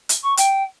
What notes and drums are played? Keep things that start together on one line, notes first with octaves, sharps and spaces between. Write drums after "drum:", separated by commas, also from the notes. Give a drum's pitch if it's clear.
drum: hi-hat
C#6
G5, drum: hi-hat